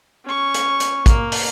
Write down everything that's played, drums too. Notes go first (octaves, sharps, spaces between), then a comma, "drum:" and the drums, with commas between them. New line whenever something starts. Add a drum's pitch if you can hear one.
C#4 C#6
drum: hi-hat
drum: hi-hat
A#3, drum: kick, hi-hat
drum: open hi-hat